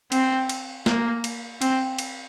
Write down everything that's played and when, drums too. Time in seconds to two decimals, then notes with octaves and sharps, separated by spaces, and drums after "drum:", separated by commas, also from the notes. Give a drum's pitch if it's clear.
0.12 C4, drum: cymbal
0.49 drum: cymbal
0.86 A#3, drum: snare
1.24 drum: cymbal
1.62 C4, drum: cymbal
1.99 drum: cymbal